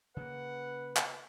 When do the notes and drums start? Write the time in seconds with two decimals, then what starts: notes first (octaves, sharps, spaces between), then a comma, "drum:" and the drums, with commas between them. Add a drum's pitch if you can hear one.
0.17 C#3 A#3 B4 F#5
0.96 drum: clap